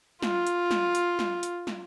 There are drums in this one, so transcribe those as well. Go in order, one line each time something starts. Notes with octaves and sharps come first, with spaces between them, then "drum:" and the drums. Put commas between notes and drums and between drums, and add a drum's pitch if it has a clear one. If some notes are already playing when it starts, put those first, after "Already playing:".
F4, drum: snare
drum: hi-hat
drum: snare
drum: hi-hat
drum: snare
drum: hi-hat
drum: snare